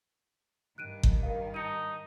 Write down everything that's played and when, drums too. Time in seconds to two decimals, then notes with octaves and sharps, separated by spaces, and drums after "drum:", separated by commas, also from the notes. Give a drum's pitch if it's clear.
0.78 G2 D#3 F#6 D7 D#7
1.03 drum: kick G1
1.23 A#4 F5
1.54 D#4 A5 C#7 D#7